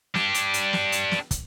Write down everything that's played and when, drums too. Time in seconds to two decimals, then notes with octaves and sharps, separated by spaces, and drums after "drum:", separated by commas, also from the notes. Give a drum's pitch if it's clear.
0.15 D4 G4, drum: snare
0.34 drum: hi-hat
0.54 drum: hi-hat
0.73 drum: snare
0.92 drum: hi-hat
1.11 drum: snare
1.31 drum: kick, hi-hat